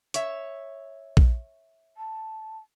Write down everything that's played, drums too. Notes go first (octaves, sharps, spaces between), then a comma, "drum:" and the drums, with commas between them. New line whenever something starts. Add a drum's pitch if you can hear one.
C#5 E5, drum: hi-hat
drum: kick A#1
A5